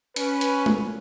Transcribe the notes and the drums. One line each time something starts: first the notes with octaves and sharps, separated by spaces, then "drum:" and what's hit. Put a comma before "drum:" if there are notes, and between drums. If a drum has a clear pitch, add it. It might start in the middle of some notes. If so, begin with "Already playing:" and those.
C#4 B4, drum: hi-hat
drum: hi-hat
drum: tom G#3